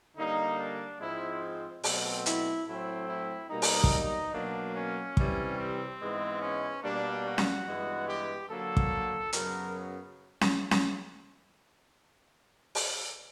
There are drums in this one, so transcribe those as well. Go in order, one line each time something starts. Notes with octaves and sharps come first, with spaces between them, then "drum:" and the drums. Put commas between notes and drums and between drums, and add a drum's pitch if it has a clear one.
D3 G3 A#3 D#4
D4
G#2 F3 G#3 C4 E4
B2 F#3 A3 C4, drum: open hi-hat
E4, drum: hi-hat
A2 F#3 A3 C4 E4
E4
B2 G3 A#3 D#4
drum: open hi-hat
drum: kick
B2 F#3 A#3 D4
C#4
C3 E3 G3, drum: kick
C4
G#2 E3 G#3 B3
C#4
B2 G3 A#3 D4
F#4
drum: snare C#4
G2 E3 G#3 B3
G4
D3 F#3 A#3 A4
drum: kick
F#2 C#3 F#3 B3 A#4, drum: hi-hat
drum: snare C#4
drum: snare C#4
drum: open hi-hat